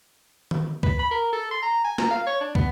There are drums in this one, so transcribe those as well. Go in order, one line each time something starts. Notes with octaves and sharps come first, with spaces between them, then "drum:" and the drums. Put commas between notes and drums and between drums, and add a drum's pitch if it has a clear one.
drum: tom D#3
B4, drum: kick
B5
A#4
A4
C6
A#5
G#5
A#5, drum: snare
F5
C#5
D4
B3, drum: kick